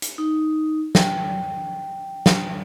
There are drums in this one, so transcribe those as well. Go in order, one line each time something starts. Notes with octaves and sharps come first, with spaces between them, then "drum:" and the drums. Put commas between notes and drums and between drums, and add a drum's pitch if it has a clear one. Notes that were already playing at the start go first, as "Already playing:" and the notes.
drum: hi-hat
D#4
G5, drum: snare
drum: snare